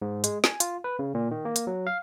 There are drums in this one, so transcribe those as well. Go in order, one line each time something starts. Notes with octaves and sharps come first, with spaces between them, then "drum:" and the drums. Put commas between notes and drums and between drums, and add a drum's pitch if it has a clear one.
G#2
G#3, drum: hi-hat
G#5, drum: snare
F4, drum: hi-hat
B4
C#3
A#2
D#3
A#3
drum: hi-hat
F#3
F5